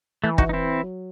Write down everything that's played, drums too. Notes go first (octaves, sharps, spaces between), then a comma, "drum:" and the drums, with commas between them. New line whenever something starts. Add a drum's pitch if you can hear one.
E3 A3
D#4 F#4, drum: kick
D#4
C4 E4
F#3